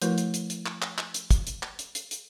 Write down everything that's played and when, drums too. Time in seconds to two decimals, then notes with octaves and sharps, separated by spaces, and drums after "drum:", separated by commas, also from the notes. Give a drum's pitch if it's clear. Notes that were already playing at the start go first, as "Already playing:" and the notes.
0.02 F3 A3 E4 F#4 A#4 B4, drum: hi-hat
0.18 drum: hi-hat
0.34 drum: hi-hat
0.50 drum: hi-hat
0.66 drum: clap
0.82 drum: clap
0.98 drum: clap
1.14 drum: hi-hat
1.31 drum: kick, hi-hat
1.47 drum: hi-hat
1.63 drum: clap
1.79 drum: hi-hat
1.95 drum: hi-hat
2.11 drum: hi-hat